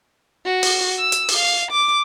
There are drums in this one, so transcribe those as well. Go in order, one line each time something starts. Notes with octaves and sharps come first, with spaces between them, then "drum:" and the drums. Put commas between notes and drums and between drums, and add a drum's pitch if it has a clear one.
F#4
drum: open hi-hat
E6
drum: hi-hat
drum: open hi-hat
F5
D6